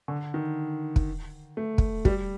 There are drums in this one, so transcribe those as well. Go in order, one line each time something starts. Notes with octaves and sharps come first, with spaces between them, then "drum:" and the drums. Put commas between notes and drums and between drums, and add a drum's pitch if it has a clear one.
D3
D#3
drum: kick
A3
drum: kick
G3, drum: kick